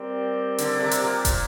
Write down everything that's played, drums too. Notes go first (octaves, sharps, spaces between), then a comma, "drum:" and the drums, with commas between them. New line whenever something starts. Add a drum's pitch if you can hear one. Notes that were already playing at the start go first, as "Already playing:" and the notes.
Already playing: G3 C4 G4 A#4 D5
D3, drum: hi-hat
C3
drum: hi-hat
A#2
drum: kick, hi-hat